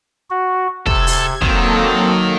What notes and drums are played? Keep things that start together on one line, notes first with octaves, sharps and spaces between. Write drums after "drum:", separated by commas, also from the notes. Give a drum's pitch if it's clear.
F#4
C3 A4 G#6, drum: kick
drum: open hi-hat
D#3 F#3 A#3 C4 A4, drum: kick